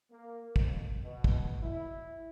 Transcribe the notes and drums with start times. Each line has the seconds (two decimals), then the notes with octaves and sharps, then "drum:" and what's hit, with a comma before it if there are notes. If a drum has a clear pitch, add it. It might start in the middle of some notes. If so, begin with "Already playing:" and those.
0.11 A#3
0.56 F2, drum: kick
1.02 B2
1.24 drum: kick
1.62 E4